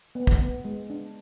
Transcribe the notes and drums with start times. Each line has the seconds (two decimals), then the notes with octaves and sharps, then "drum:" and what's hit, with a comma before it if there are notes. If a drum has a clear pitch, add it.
0.15 B3
0.27 drum: kick
0.40 B3
0.65 G#3
0.90 D4